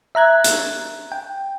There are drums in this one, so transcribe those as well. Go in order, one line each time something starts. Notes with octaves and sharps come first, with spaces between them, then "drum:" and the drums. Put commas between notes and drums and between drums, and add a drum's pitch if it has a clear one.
E5 A#5 F#6 G#6
drum: hi-hat
G5